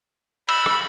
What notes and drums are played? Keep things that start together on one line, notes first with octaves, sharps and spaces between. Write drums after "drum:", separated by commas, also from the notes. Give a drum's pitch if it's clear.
B5 E6, drum: cymbal
drum: rim click